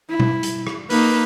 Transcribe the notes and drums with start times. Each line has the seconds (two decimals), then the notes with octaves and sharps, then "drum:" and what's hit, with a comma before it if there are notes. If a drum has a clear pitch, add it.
0.10 E4
0.20 drum: tom B2
0.43 drum: hi-hat
0.67 drum: rim click
0.90 A#3 D#4 B4, drum: open hi-hat